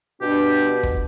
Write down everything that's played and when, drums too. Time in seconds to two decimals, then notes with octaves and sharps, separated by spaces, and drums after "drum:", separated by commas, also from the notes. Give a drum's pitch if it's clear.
0.22 B2 D4 G4
0.83 drum: kick